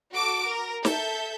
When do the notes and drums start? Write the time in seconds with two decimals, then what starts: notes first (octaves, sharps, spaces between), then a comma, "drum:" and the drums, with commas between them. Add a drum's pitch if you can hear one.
0.14 F#4 A4 D6 D7
0.46 A#4
0.85 A4 E5 G6, drum: snare